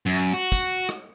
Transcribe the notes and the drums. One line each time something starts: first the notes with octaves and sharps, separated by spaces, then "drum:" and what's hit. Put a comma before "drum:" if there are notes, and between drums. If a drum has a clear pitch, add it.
F#2
F#4
drum: kick, tambourine
drum: rim click